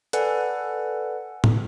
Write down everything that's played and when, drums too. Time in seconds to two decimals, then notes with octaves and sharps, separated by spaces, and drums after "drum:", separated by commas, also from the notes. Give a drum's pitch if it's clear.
0.13 A4 B4 D5 F#5 G#5, drum: hi-hat
1.44 drum: tom A2